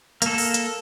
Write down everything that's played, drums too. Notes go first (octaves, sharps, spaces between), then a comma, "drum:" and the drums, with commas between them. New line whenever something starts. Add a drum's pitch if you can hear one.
A#3 A4, drum: hi-hat
drum: open hi-hat
drum: hi-hat